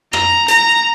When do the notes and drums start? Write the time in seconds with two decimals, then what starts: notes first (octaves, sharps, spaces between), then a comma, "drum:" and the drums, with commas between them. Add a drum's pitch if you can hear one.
0.13 A#5, drum: rim click
0.48 A#5, drum: hi-hat